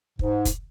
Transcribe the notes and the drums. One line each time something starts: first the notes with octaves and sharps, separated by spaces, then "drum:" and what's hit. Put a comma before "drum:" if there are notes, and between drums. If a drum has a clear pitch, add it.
G#2, drum: kick
drum: kick, hi-hat